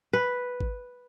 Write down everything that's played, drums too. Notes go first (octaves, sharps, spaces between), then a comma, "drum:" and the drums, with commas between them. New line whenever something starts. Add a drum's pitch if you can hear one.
B4
drum: kick G#1